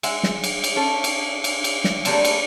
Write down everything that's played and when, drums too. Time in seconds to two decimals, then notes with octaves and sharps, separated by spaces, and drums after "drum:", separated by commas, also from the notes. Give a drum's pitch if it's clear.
0.03 G#3 E5 F#5, drum: cymbal
0.23 drum: snare
0.44 drum: cymbal
0.64 drum: cymbal
0.76 C#4 A4 C#5
1.04 drum: cymbal
1.44 drum: cymbal
1.64 drum: cymbal
1.84 drum: snare
2.05 G3 A3 A#3 C4 D4, drum: cymbal
2.25 drum: cymbal